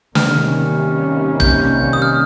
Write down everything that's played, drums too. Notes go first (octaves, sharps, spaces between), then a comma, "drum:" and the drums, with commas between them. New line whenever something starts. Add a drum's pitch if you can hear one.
C3 D#3 G3 A#3 C#4 F6, drum: snare
G6, drum: kick
D#6
F6